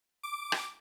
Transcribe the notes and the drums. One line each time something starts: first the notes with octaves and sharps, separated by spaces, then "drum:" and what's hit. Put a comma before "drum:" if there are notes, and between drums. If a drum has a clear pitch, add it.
D6
drum: rim click